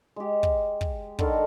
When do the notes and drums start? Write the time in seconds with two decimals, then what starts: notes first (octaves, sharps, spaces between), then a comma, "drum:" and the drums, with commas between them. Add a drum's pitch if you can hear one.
0.16 G#3 G4
0.43 drum: kick
0.81 drum: kick
1.19 D3 D#3 A4 A#4, drum: kick